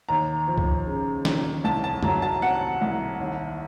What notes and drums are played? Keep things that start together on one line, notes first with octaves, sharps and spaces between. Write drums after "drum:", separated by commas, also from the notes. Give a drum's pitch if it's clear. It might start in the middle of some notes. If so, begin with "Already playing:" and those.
D#2 A#5
F3
drum: kick C2
C#3
D#2, drum: snare
C2 A5
A5
F#3 A#5, drum: tom F#2
A5
C3 F#5
C2
D#2